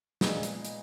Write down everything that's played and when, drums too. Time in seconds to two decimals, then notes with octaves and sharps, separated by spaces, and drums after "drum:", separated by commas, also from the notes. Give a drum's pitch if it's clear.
0.21 A#2 F3 G#3 B3 D#4, drum: snare
0.43 drum: hi-hat
0.65 drum: hi-hat